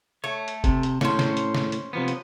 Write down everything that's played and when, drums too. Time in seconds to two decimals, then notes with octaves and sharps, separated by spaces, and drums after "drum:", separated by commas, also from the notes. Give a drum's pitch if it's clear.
0.24 A3 C#5
0.48 drum: hi-hat
0.64 C3, drum: kick F1, hi-hat
0.83 drum: hi-hat
1.01 A2 C#4 C5, drum: snare
1.19 drum: snare
1.37 drum: hi-hat
1.55 drum: snare
1.72 drum: hi-hat
1.93 C3 F3 B3
2.08 drum: hi-hat